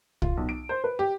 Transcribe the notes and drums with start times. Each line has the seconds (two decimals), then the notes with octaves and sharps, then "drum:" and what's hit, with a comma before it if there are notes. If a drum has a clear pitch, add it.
0.22 F4, drum: kick
0.37 B1
0.49 D7
0.69 C5
0.84 B4
0.99 G4